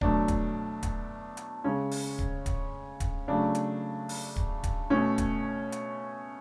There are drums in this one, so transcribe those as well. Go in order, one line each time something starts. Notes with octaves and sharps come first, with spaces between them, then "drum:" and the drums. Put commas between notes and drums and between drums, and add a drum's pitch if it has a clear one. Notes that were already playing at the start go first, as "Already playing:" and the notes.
B2 F#3 A3 D4, drum: kick D1
drum: kick D1, hi-hat
drum: kick D1, hi-hat
drum: hi-hat
C#3 G#3 C#4
drum: open hi-hat
drum: kick D1
drum: kick D1, hi-hat
drum: kick D1, hi-hat
C#3 F#3 A3 D4
drum: hi-hat
drum: open hi-hat
drum: kick D1
drum: kick D1, hi-hat
B2 A3 C#4
drum: kick D1, hi-hat
drum: hi-hat